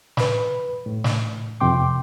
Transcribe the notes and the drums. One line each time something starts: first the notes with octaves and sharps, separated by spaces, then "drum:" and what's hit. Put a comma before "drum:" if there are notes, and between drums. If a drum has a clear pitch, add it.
B4 B5, drum: snare
A2
drum: snare
F2 C3 G5 C6 D6